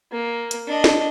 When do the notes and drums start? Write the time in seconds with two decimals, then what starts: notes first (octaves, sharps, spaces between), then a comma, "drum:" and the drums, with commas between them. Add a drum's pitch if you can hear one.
0.12 A#3
0.51 drum: hi-hat
0.68 D4 D#5
0.84 drum: snare